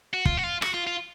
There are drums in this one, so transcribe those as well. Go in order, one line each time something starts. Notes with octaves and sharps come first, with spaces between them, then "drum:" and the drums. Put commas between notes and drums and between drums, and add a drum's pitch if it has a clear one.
F#4
F4, drum: kick
F#4
F4
F#4, drum: rim click
F4
F4